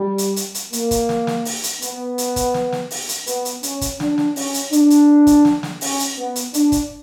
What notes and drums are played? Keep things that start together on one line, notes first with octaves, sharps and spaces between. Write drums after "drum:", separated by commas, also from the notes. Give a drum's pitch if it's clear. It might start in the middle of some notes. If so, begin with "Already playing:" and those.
Already playing: G3
drum: hi-hat
drum: hi-hat
drum: hi-hat
A#3, drum: hi-hat
drum: kick, hi-hat
drum: snare
drum: snare
drum: open hi-hat
drum: hi-hat
B3, drum: hi-hat
drum: hi-hat
drum: kick, hi-hat
drum: snare
drum: snare
drum: open hi-hat
drum: hi-hat
B3, drum: hi-hat
drum: hi-hat
C#4, drum: hi-hat
drum: kick, hi-hat
D4, drum: snare
drum: snare
C#4, drum: open hi-hat
drum: hi-hat
D4, drum: hi-hat
drum: hi-hat
drum: kick, hi-hat
drum: snare
drum: snare
C#4, drum: open hi-hat
drum: hi-hat
B3
drum: hi-hat
D4, drum: hi-hat
drum: kick, hi-hat